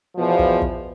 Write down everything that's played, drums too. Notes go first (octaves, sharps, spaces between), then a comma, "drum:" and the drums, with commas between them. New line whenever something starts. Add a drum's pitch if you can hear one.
E2 B2 F3
drum: kick
drum: kick